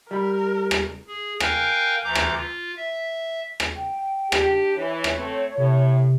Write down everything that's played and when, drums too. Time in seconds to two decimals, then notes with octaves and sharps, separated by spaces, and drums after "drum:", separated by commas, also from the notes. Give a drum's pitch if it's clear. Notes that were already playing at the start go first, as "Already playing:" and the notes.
0.11 G3 A#4 B5
0.71 drum: rim click
1.07 G#4
1.40 A#4 F5 G5 G#5 F#6 G6, drum: rim click
2.04 D2 E3 A#5 D6 G6
2.15 drum: rim click
2.36 F4
2.77 E5
3.60 drum: rim click
3.76 G5
4.32 D4 G4, drum: rim click
4.77 E3 C#5
5.04 drum: rim click
5.16 A3 C4
5.57 A2 C3